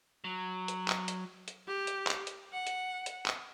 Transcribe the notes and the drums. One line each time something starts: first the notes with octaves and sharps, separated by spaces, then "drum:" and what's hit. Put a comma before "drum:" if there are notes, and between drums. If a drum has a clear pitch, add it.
F#3
drum: hi-hat
drum: clap
drum: hi-hat
drum: hi-hat
G4
drum: hi-hat
drum: clap
drum: hi-hat
F#5
drum: hi-hat
drum: hi-hat
drum: clap